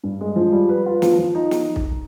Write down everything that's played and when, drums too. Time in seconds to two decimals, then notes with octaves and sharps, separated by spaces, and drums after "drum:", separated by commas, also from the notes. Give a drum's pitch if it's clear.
0.03 G2
0.21 G#3
0.36 F3
0.52 G3
0.69 B4
0.86 F4
1.02 F3, drum: snare
1.18 F3
1.35 D#4
1.51 drum: snare
1.76 drum: kick